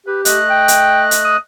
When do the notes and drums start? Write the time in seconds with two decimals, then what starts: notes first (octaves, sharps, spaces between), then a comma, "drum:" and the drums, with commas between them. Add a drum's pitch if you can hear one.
0.06 G4 B4
0.25 A3 D#5 F#6, drum: hi-hat
0.50 G5
0.68 drum: hi-hat
1.11 drum: hi-hat
1.25 D#6